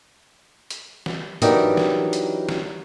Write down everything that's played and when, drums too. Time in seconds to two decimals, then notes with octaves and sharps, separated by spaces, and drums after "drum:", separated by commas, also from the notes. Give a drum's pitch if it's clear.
0.70 drum: hi-hat
1.06 drum: snare
1.42 E3 F#3 D4 D#4 G4 A#4, drum: hi-hat
1.77 drum: snare
2.13 drum: hi-hat
2.49 drum: snare